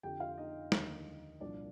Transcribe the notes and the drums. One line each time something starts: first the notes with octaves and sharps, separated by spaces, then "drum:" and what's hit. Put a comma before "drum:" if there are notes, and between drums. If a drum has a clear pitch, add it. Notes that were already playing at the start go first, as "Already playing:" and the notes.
F2 D3 F3 G4 G5
F4 F5
D#4 D#5
D#2 D3 F3, drum: snare
C2 A#2 F3 D4 D5